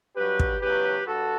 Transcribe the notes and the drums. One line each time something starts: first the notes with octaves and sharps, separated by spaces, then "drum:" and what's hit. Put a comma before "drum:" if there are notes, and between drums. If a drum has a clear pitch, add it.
G2 F#3 G4 B4
drum: kick
E2 C#3 F#3 G4 B4
G2 F#4 A4